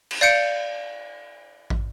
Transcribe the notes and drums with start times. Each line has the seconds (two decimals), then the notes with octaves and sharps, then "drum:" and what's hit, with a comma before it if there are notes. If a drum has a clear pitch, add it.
0.11 drum: cymbal
0.21 D5 F5 G6 C#7 D7
1.70 drum: kick